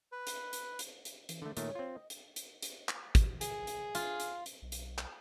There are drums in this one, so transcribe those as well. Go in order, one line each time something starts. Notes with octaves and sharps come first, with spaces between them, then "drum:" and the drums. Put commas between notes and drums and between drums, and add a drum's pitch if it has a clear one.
B4
drum: hi-hat
drum: hi-hat
drum: hi-hat
drum: hi-hat
E3, drum: hi-hat
D3 A3
A#2 D#3 A3 C#5, drum: hi-hat
C4 F4
D#5
drum: hi-hat
drum: hi-hat
drum: hi-hat
drum: clap
drum: kick, hi-hat
G#4, drum: hi-hat
drum: hi-hat
F4, drum: hi-hat
drum: hi-hat
drum: hi-hat
B1
drum: hi-hat
drum: clap